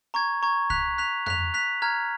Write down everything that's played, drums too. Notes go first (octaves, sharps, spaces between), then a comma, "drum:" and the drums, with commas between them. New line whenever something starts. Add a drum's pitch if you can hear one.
A#5 C#6 G#6
A#5 C#6 G#6
F#6 B6 F7, drum: kick C2
F#6 B6 F7
F#6 B6 F7, drum: tom F2
F#6 B6 F7
A#5 F6 G#6